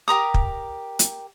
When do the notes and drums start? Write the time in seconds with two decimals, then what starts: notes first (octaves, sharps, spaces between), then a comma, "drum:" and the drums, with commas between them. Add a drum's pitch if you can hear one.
0.08 G4 A#4 A#5 D#6
0.34 drum: kick
0.99 drum: hi-hat